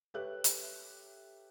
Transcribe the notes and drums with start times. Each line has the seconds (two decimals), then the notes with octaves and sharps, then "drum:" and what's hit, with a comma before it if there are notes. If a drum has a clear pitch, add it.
0.14 G4 A4 B4 C#5 E5 F#6
0.44 drum: hi-hat